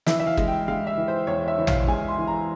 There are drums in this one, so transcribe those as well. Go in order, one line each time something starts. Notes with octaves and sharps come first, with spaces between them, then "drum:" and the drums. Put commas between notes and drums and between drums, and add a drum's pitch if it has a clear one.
E3 E5, drum: snare
E5
F5
G#3, drum: kick
G5
G#3 F5
E5
E3
C5
E2 C#5
E5
E3
F5, drum: tom
G#3 G#5
C6
E3
A#5